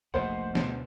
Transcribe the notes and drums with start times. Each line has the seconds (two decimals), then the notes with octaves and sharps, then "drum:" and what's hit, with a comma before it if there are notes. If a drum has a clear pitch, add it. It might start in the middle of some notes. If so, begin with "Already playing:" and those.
0.14 F1 A#1 E2 A3 C5 D#5 F#5
0.55 D2 B2 B3, drum: snare